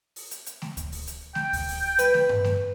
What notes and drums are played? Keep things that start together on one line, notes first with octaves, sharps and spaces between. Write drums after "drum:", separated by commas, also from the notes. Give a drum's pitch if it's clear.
drum: open hi-hat
drum: hi-hat
drum: hi-hat
drum: snare A3
drum: kick D2, hi-hat
drum: open hi-hat
drum: hi-hat
G5, drum: snare A3
drum: kick D2, open hi-hat
drum: open hi-hat
B4, drum: hi-hat
drum: snare A3
drum: tom G2
drum: snare A3